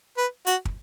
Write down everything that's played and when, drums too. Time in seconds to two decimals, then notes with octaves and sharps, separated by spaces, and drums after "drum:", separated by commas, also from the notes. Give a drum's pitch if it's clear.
0.17 B4
0.47 F#4, drum: hi-hat
0.65 drum: kick